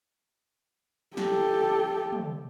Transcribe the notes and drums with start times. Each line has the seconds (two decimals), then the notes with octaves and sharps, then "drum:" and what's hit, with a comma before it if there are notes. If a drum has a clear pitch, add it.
1.17 G4 A4, drum: snare
2.12 drum: tom